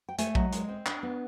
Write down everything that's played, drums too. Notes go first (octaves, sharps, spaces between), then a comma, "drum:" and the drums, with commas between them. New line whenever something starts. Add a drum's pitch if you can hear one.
G5
A3 G#5, drum: hi-hat
F#3 D#5, drum: kick A#1
G#3, drum: hi-hat
C4
D4, drum: clap
B3